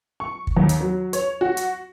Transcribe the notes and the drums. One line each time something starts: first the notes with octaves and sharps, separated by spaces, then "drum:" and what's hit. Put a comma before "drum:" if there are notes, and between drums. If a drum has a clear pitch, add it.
C#6
drum: kick
D#2
drum: hi-hat
F#3
C#5, drum: hi-hat
F#4
drum: hi-hat